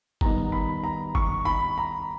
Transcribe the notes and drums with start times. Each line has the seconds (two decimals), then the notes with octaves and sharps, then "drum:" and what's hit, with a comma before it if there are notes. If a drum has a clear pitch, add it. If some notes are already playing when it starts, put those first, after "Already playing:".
0.21 D#3 G3 B3 D#4 A#5, drum: kick
0.52 B5
0.84 A#5
1.15 C#6, drum: kick
1.45 B5
1.78 A#5